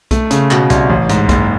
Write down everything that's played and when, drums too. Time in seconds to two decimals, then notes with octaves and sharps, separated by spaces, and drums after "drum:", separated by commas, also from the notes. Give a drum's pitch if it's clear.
0.11 A3, drum: kick B1, hi-hat
0.31 C#3, drum: hi-hat
0.51 B2, drum: clap
0.70 C2, drum: hi-hat
0.90 A1
1.09 G#2, drum: hi-hat
1.29 F#1, drum: kick B1, hi-hat